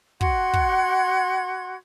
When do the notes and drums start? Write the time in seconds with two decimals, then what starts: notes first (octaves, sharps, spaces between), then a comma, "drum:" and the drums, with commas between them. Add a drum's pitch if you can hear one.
0.21 F#4 F#5 C6 G#6, drum: kick
0.53 drum: kick